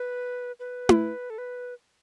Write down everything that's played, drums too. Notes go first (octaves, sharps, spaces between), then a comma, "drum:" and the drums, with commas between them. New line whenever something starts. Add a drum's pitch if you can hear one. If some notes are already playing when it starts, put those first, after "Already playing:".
Already playing: B4
B4
drum: tom E4
A4
B4